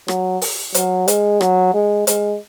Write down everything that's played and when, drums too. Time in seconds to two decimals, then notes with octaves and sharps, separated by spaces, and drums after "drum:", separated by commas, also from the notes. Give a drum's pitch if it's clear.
0.08 F#3, drum: rim click
0.42 drum: open hi-hat
0.75 F#3, drum: hi-hat
1.08 G#3, drum: hi-hat
1.41 F#3, drum: rim click
1.74 G#3
2.07 G#3, drum: hi-hat